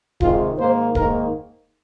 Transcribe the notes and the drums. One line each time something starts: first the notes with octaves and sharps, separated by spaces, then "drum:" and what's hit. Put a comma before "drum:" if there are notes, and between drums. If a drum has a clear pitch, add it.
C3 D#3 G#3 F4, drum: kick D1
G#2 D#3 A#3 C5
G#2 D#3 A#3 A#4, drum: kick D1